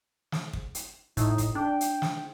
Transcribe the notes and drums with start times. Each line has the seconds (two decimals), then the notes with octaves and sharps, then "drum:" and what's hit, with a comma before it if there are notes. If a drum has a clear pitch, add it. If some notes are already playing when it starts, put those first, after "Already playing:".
0.32 drum: snare
0.53 drum: kick
0.75 drum: hi-hat
1.17 A2 D#4, drum: kick, hi-hat
1.38 drum: kick, hi-hat
1.55 D4 G5
1.81 drum: hi-hat
2.02 drum: snare